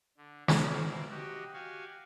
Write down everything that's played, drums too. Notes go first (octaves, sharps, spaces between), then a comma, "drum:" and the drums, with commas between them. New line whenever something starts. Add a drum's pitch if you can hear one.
D3
B2 A#3 C4 E4 F4, drum: snare
F#4 G4 D#5 F#5
F#4 G4 F5 F#5 G#5